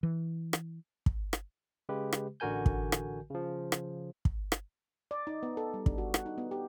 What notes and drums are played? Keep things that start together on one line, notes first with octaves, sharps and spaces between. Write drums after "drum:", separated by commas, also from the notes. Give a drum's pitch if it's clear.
E3
drum: rim click
drum: kick
drum: rim click
C#3 G#3 G4 B4
drum: rim click
A1 D3 F#4 A#4 G#5 G6
drum: kick
drum: rim click
C#3 F3
drum: rim click
drum: kick
drum: rim click
D5
D#4
B3
A4
G3
D4, drum: kick
F#4
F#5, drum: rim click
D#4
B3
G4